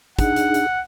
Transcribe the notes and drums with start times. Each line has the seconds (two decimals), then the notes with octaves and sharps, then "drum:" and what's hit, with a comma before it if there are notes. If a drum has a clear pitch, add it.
0.19 D4 D#4 G#4 F#5, drum: kick, hi-hat
0.36 drum: hi-hat
0.54 drum: hi-hat